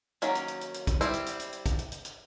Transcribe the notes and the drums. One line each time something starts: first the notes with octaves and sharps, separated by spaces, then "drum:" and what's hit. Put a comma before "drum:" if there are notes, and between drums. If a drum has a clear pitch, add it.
D#3 F#3 A#3 C#4, drum: hi-hat
drum: hi-hat
drum: hi-hat
drum: hi-hat
drum: hi-hat
drum: kick, hi-hat
G3 C4 E4, drum: hi-hat
drum: hi-hat
drum: hi-hat
drum: hi-hat
drum: hi-hat
drum: kick, hi-hat
drum: hi-hat
drum: hi-hat
drum: hi-hat